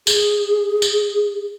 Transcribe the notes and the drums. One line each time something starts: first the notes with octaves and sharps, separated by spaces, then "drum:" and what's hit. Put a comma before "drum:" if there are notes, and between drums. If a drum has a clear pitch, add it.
G#4, drum: tambourine
drum: tambourine